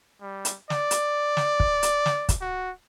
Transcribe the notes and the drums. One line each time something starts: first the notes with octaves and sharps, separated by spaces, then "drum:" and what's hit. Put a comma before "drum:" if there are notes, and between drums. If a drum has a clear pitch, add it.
G3
drum: hi-hat
D5, drum: snare
drum: hi-hat
drum: snare
drum: kick
drum: hi-hat
drum: snare
drum: kick, hi-hat
F#4